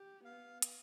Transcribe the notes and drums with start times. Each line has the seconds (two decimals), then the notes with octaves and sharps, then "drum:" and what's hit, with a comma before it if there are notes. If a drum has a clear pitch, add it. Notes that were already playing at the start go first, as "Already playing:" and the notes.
Already playing: G4
0.24 B3 F5
0.62 drum: hi-hat